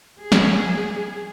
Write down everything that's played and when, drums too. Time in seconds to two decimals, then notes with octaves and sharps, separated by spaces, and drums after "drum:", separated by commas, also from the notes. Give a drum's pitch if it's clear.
0.21 G#4
0.32 drum: snare